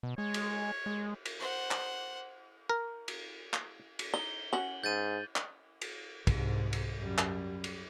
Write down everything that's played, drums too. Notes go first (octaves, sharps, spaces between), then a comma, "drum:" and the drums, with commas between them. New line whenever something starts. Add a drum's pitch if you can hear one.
B2
G#3 C#5
drum: cymbal
G#3
drum: cymbal
C5 F#5
drum: clap
A#4
drum: cymbal
drum: clap
drum: cymbal
D#4 G7
C#4 F#4 F#7
G#2 G6 A6 D#7
drum: clap
drum: cymbal
C2 G#2, drum: kick, cymbal
drum: cymbal
F#2 G3
drum: clap
drum: cymbal